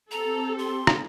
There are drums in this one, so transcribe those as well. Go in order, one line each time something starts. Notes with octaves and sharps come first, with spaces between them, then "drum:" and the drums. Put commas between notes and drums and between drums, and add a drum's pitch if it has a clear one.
C4 G4 A4 A#5
C6
drum: rim click